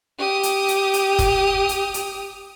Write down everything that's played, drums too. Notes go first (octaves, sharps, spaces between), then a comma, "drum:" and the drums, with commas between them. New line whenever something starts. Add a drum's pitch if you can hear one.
G4 D#6
drum: hi-hat
drum: hi-hat
drum: hi-hat
drum: kick, hi-hat
drum: hi-hat
drum: hi-hat